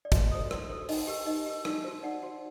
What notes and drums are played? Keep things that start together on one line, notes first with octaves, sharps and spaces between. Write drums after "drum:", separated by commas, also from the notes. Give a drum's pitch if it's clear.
D5
F#4 D#5, drum: kick, hi-hat
A4 C5
F#4, drum: rim click
A4 C5
D#4 D#5, drum: open hi-hat
G4 A#4
D#4 D#5
G4 A#4
D#4, drum: rim click
F#4 C5
D#4 D5 F#5
F#4 C5